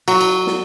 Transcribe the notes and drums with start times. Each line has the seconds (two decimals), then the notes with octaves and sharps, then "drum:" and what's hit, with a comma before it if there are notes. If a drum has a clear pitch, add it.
0.08 F#3, drum: cymbal
0.21 drum: cymbal
0.47 drum: snare